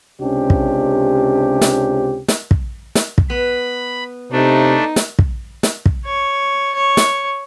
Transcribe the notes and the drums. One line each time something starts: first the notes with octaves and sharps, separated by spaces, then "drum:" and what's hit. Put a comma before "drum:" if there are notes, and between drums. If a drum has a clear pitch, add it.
C#2 C3 C#4 D4 G4
drum: kick
drum: snare
drum: snare
drum: kick
drum: snare
drum: kick
B3 B5
C3 A3 D4 D#4
drum: snare
drum: kick
drum: snare
drum: kick
C#5
C#5
drum: snare